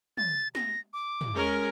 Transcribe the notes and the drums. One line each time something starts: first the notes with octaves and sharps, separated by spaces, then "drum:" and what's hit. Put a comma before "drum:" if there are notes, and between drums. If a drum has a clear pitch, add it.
A6, drum: tom
A#6, drum: snare
D6
drum: tom
G#3 C#4 A#4